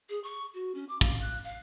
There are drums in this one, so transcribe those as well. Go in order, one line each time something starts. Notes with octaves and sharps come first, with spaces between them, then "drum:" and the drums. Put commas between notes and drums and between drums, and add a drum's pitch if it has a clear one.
G#4
C#6
F#4
C#4
D6
F5, drum: kick
F#6
F5